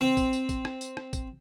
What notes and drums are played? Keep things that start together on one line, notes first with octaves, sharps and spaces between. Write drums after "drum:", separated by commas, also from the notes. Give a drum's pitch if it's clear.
C4
drum: kick, tambourine
drum: tambourine
drum: kick, tambourine
drum: rim click
drum: tambourine
drum: rim click
drum: kick, tambourine